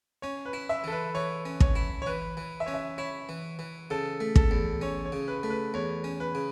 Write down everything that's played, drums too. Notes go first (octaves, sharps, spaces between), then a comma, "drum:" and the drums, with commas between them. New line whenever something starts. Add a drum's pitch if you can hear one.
C#4 C#5
B4
E4
E5
E3 A4
B4
E3 C#5
C#4
C#5, drum: kick
E4
C#5
E3 B4
E3
E5
C#4 C#5
E5
E4 C#5
E3
E3
C#3 A4
A3
A4, drum: kick
E2
C#4 C#5
C#5
C#3
B4
A3
B4
E2 C#5
C#4
B4
C#3